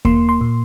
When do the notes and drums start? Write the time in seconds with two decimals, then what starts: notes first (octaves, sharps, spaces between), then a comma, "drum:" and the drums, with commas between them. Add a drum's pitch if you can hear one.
0.05 A#3 C6, drum: kick D#2
0.29 C6
0.41 A#2